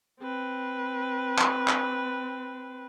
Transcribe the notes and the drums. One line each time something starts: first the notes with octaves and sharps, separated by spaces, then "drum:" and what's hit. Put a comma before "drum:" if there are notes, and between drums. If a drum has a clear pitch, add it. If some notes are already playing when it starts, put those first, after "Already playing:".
C4 B4
drum: clap
drum: clap